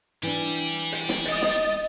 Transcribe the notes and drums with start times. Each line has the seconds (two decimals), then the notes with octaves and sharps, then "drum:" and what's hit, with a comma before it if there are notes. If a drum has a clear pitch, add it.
0.23 E3 D4 G4 D5
0.92 drum: hi-hat
1.09 drum: snare
1.25 D#5 A6, drum: hi-hat
1.42 drum: snare